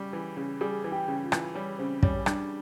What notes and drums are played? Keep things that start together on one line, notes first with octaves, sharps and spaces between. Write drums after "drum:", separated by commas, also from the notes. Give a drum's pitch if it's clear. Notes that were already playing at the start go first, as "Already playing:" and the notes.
Already playing: C#3 G3
E3
C#3
G3 G#4
E3
G4
C#3
F4
E3, drum: rim click
G3 C#4
C#3 C4
G3 C#4, drum: kick
G3 D4, drum: rim click